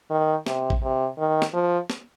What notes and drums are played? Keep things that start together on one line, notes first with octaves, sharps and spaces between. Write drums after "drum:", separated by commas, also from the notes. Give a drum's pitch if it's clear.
D#3
C3, drum: snare
drum: kick A1
C3
D#3
drum: snare
F3
drum: snare